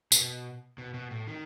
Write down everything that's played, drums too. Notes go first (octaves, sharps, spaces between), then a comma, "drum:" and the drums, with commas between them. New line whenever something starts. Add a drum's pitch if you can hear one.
B2, drum: tambourine
B2
B2
A2
D#3